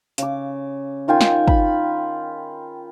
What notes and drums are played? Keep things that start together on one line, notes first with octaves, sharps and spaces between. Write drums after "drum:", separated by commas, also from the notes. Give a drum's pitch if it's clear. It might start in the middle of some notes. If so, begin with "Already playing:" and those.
C#3 D6, drum: hi-hat
D#3 F4 G5 G#5
drum: snare
B5, drum: kick